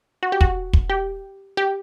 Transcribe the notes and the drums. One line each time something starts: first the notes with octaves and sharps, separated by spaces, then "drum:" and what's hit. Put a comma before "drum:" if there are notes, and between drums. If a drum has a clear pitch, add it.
F#4
G4
F#4, drum: kick
drum: kick
G4
G4